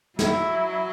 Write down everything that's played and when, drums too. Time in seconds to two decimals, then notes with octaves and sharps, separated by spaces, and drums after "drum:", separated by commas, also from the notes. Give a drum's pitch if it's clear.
0.19 F#3 E4, drum: snare